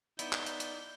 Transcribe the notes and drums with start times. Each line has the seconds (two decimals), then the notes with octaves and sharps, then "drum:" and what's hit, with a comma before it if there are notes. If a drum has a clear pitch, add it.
0.19 B3 D#4 E4 D5 G6, drum: hi-hat
0.33 drum: clap
0.46 drum: hi-hat
0.60 drum: hi-hat